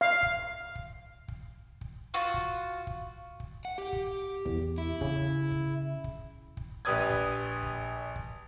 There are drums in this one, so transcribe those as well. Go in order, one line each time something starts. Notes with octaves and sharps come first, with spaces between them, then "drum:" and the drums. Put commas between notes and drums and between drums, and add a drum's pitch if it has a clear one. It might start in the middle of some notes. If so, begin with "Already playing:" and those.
F5
drum: kick
drum: kick
drum: kick
drum: kick
F4 F#4
drum: kick
drum: kick
drum: kick
F#5
G4
drum: kick
E2, drum: kick
E4
C#3, drum: kick
drum: kick
drum: kick
drum: kick
A#1 G4 B4 D5 D#6 G#6
drum: kick
drum: kick
drum: kick